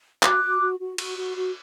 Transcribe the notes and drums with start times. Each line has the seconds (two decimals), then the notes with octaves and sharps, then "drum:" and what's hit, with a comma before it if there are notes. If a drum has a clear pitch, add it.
0.23 F#4 D6 F#6, drum: clap
0.42 F#4
0.61 F#4
0.80 F#4
0.98 F#4, drum: cymbal
1.18 F#4
1.36 F#4